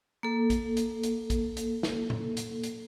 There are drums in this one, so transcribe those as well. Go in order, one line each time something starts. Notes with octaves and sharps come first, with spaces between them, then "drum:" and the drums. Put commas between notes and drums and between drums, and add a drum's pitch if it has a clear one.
A#3 A4
drum: kick, hi-hat
drum: hi-hat
drum: hi-hat
drum: kick, hi-hat
drum: hi-hat
drum: snare
drum: tom
drum: hi-hat
drum: hi-hat